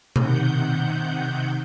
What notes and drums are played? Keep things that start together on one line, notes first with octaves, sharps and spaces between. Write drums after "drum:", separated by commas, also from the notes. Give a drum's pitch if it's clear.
C3 D#3 F#5 G6, drum: tom B2